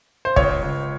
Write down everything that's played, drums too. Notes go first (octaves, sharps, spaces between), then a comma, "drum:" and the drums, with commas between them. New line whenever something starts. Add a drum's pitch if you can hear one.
C5
C#2 C#5, drum: kick
C#2